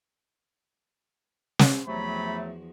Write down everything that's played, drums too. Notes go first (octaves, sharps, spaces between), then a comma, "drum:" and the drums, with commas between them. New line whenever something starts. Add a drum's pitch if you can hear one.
drum: snare
E2 C3 F3 F#3 A3 F#4 B5